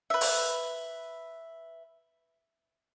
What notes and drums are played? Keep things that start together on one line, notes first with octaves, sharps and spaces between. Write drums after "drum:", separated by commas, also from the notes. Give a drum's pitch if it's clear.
B4 E5
drum: open hi-hat